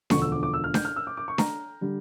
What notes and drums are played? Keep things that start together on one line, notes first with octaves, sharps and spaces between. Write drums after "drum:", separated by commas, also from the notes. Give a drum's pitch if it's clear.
E1 D2 D3 F3 C#6, drum: snare D4
E6
D6
D6
E6
F6
G6, drum: snare D4
F6
E6
D6
D6
C#6
A#5, drum: snare D4
D3 G3 D4